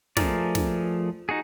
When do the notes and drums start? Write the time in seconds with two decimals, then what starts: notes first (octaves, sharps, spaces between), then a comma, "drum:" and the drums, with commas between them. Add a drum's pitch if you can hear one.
0.17 F3 A3 G#4 A#4 D5, drum: snare
0.55 drum: snare
1.29 D#4 F#4 G#4